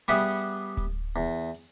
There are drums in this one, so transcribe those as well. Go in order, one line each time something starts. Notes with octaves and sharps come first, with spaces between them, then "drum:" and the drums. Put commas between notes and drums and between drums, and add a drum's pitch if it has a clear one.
G3 B3 G4 G#4 E5 F#5
drum: hi-hat
drum: kick D1, hi-hat
E2
drum: open hi-hat